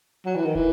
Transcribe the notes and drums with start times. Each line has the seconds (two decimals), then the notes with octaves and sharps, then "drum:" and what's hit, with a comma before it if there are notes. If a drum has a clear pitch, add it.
0.26 F#3
0.35 E3
0.45 D#3
0.55 E3, drum: kick